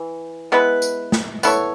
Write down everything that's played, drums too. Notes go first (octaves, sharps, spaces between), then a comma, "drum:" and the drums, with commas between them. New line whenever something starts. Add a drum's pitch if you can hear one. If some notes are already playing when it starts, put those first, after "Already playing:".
Already playing: E3
G#3 B3 E4 B4
drum: tambourine
drum: snare
B3 E4 A4 C#5, drum: tambourine